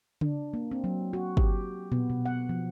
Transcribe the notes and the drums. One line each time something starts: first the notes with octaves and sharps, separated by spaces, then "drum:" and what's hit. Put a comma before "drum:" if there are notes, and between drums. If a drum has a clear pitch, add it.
D4, drum: tom C#3
A#3
C4
F#3
F#4
G4, drum: kick
B3, drum: tom A#2
B2
F#5
F3